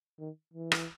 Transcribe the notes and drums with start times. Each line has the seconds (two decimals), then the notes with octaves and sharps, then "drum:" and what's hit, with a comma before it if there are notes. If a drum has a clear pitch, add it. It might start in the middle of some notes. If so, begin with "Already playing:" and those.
0.19 D#3
0.54 E3
0.72 drum: rim click